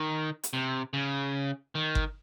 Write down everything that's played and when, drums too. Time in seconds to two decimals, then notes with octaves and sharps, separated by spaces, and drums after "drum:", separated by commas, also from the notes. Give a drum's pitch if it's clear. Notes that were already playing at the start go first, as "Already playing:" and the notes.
Already playing: D#3
0.43 drum: hi-hat
0.53 C3
0.93 C#3
1.75 D#3
1.95 drum: kick G1